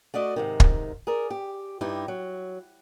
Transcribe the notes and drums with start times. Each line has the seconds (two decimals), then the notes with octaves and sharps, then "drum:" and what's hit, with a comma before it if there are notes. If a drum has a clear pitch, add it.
0.14 A3 F#4 D5 D#5
0.36 G#2 C3 D#3
0.60 drum: kick
1.07 G#4 A#4 D5
1.30 G4
1.81 G2 D#4 E4 G4
2.08 F#3